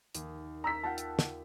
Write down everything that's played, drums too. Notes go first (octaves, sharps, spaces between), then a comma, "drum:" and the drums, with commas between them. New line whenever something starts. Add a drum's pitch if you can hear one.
D#2, drum: hi-hat
A#5 E6 B6
F4 F#5 G5 A5
drum: hi-hat
drum: snare